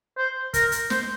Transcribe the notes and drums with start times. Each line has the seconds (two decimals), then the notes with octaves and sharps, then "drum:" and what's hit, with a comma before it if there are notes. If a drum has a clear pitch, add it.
0.18 C5
0.54 A#4, drum: kick, hi-hat
0.72 drum: hi-hat
0.90 C5, drum: snare